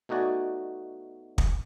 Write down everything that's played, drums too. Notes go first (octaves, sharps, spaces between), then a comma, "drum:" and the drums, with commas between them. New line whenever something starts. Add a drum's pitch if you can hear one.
B2 A3 D#4 F#4 D5 G#5
drum: kick